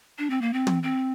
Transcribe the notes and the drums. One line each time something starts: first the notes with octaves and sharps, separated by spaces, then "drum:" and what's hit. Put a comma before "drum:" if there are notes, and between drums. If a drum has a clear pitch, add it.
D4
C4
A#3
C4
drum: tom
C4